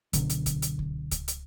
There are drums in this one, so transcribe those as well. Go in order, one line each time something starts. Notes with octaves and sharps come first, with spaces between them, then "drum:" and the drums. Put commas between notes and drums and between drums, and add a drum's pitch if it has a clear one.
B2 D3 F#3, drum: kick C#2, hi-hat
drum: hi-hat
drum: kick C#2, hi-hat
drum: hi-hat
drum: kick C#2
drum: kick C#2, hi-hat
drum: hi-hat